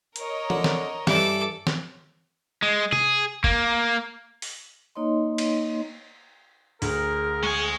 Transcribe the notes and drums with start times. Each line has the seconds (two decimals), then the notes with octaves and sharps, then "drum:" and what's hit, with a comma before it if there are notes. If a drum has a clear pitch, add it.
0.16 A#4 C#5 D#5, drum: hi-hat
0.50 D3, drum: tom E3
0.64 drum: snare
1.07 G2 E3 A4 D6, drum: snare
1.67 drum: snare
2.62 G#3
2.92 G#4, drum: tom C3
3.44 A#3, drum: kick
4.42 drum: open hi-hat
4.95 A#3 D#4 C#5 D#5 C6
5.38 drum: cymbal
6.82 D2 G#4 A#4, drum: open hi-hat
7.43 G#3 G#5 C#6